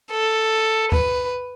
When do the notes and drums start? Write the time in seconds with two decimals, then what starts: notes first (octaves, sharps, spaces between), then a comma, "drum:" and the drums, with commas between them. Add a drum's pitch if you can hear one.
0.11 A4
0.92 B4, drum: kick C#2